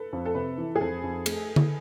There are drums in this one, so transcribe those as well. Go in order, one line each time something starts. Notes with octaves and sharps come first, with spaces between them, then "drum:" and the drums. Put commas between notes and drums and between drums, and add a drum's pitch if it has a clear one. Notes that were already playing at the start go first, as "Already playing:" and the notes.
Already playing: A4 B4
F2
A4
C3 B4
E3
G#4
F2 A4
F2
A3, drum: cymbal
drum: tom D3